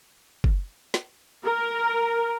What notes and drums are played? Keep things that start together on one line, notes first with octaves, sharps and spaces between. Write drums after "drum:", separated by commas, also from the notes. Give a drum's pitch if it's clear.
drum: kick F#1
drum: snare
A#4